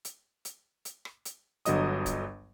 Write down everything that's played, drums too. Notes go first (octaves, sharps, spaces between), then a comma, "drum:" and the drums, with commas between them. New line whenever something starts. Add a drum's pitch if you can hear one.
drum: hi-hat
drum: hi-hat
drum: hi-hat
drum: rim click
drum: hi-hat
G1 D3 F#3 D#5 D#6, drum: hi-hat
drum: kick C#1, hi-hat